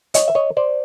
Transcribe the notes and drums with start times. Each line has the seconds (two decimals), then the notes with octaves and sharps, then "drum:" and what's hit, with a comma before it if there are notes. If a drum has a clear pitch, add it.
0.14 C#5 D#5, drum: hi-hat
0.28 E5
0.35 C#5 D#5
0.57 C5 D5